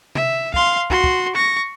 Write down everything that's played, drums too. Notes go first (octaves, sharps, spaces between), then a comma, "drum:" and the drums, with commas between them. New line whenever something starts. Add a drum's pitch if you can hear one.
E5, drum: tom C3
F5 C6, drum: kick
F#4 C6, drum: kick
drum: kick
C#6 A#6